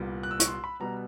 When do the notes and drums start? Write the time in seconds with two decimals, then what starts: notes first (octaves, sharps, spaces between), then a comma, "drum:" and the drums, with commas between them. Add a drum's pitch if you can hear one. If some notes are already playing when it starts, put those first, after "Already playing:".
Already playing: C2 A#2 G3 B3
0.23 F#6
0.31 E6
0.40 C#6, drum: hi-hat
0.48 C6
0.64 B5
0.80 B2 G3 B3 A#5